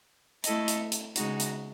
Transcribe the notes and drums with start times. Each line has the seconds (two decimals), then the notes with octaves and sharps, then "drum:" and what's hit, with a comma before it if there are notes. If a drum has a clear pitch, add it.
0.44 A3 E4 A4 D#5, drum: hi-hat
0.68 drum: hi-hat
0.92 drum: hi-hat
1.16 C#3 G#3 D#4 F#4, drum: hi-hat
1.40 drum: hi-hat